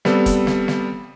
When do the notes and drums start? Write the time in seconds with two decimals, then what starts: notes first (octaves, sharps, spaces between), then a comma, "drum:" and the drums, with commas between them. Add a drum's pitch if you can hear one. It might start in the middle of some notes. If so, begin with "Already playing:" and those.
0.05 G3 B3 C4 A4, drum: snare
0.26 drum: kick F1, hi-hat
0.47 drum: snare
0.68 drum: snare